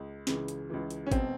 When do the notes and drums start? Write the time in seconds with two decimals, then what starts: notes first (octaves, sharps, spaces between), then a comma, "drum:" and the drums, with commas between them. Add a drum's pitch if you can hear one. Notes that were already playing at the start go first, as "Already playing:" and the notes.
Already playing: C#2
0.27 C#2 C#3 E3, drum: snare
0.48 drum: hi-hat
0.70 C#2 C#3 E3
0.91 drum: hi-hat
1.06 C#4
1.12 E1 B2 C4, drum: kick G#1, hi-hat